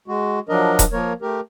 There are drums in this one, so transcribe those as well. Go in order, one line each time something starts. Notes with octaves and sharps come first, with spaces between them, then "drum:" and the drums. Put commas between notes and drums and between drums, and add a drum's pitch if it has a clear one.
G#3 F#4
F3 F#3 D4 A#4 D#5
drum: kick D#1, hi-hat
F3 A#3 A#4 C#5
A3 G4 A#4